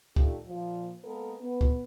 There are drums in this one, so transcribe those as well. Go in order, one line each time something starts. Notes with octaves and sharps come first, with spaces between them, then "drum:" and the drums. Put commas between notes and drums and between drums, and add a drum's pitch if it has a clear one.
D#3 A3 D4 F4 G4, drum: kick
A#2 F3
G#3 A#3 B3 A4 A#4
B3
drum: kick